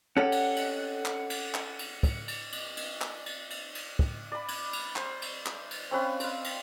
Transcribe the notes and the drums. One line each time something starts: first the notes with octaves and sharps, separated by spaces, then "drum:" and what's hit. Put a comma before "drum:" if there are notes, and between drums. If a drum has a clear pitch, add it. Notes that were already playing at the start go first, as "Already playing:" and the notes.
C#4 G4 A4 F#5
drum: cymbal
drum: cymbal
drum: clap
drum: cymbal
drum: clap
drum: cymbal
drum: kick, cymbal
drum: cymbal
drum: cymbal
drum: cymbal
drum: clap
drum: cymbal
drum: cymbal
drum: cymbal
drum: kick
D5 B5
drum: cymbal
drum: cymbal
C5, drum: clap
drum: cymbal
drum: clap
drum: cymbal
C4 C#4 B4 F5
C5 F5, drum: cymbal
drum: cymbal